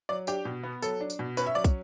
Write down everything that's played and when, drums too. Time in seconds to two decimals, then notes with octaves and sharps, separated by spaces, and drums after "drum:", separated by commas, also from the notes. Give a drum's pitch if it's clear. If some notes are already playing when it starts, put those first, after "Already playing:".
0.09 F#3 D5
0.27 D4 G4, drum: tambourine
0.45 B2
0.63 B3
0.82 F#3 A4, drum: tambourine
1.01 D4
1.10 drum: tambourine
1.19 B2
1.37 C#4 B4, drum: tambourine
1.46 E5
1.55 F#3 D5
1.64 drum: kick, tambourine